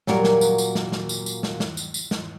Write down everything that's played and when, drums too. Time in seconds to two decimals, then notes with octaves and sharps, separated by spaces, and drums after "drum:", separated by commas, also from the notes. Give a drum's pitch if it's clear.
0.07 A#2 F#3 G3 A#3 F#4 A#4, drum: snare
0.24 drum: snare
0.41 drum: tambourine
0.58 drum: tambourine
0.75 drum: snare
0.92 drum: snare
1.09 drum: tambourine
1.26 drum: tambourine
1.43 drum: snare
1.60 drum: snare
1.77 drum: tambourine
1.94 drum: tambourine
2.11 drum: snare